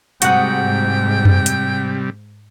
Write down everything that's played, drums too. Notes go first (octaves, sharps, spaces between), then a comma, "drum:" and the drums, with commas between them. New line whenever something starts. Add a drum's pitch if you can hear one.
G#2 C3 G3 F#4 F#5 G5 D#6, drum: hi-hat
drum: tom F#2
drum: hi-hat